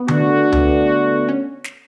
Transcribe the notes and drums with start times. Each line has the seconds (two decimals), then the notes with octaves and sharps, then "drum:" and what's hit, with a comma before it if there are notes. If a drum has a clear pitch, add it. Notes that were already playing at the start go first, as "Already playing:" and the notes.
Already playing: B3
0.08 D3 A3 D4 F#4, drum: tom D3
0.52 drum: tom C#2
1.28 C#4
1.64 drum: snare